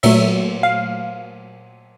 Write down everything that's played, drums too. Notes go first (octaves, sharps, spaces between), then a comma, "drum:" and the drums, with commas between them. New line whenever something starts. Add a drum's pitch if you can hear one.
A#2 F#3 A3 E5, drum: cymbal
F5